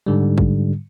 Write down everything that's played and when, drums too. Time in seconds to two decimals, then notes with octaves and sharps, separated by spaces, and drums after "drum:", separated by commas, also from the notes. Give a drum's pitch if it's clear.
0.06 G#2 D3 G3
0.38 drum: kick